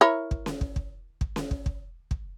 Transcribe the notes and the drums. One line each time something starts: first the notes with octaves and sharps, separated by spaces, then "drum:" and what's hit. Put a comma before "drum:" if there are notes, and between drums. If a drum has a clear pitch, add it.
E4 A#4 C#5
drum: kick
drum: snare C#4
drum: kick
drum: kick
drum: kick
drum: snare C#4
drum: kick
drum: kick
drum: kick